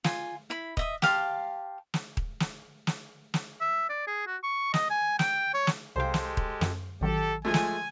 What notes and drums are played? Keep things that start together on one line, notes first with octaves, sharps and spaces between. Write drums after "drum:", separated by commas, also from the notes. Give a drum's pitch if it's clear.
F4 G#5, drum: snare
E4 B5
D#5 E5 D#6, drum: kick D#1
G4 F5 A5 C6, drum: snare
drum: snare
drum: kick D#1
drum: snare
drum: snare
drum: snare
E5
D5
G#4
F#4
C#6
D#5, drum: snare
G#5
G5, drum: snare
C#5
drum: snare
C2 C3 G#3 G4 A4 C5 F5 G5
drum: snare
drum: kick D#1
F#2, drum: snare
A1 D#3 F#3 G4 A4
F3 G#3 A3 G#5
drum: snare